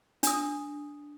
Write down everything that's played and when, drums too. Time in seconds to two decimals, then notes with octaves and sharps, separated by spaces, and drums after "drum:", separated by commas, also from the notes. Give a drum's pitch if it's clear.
0.23 D4 D#6, drum: hi-hat